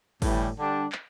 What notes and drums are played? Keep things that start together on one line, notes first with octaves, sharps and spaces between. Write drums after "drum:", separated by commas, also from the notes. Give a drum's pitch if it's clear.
A2 E3 G3, drum: kick, open hi-hat
D3 G3 D4
drum: clap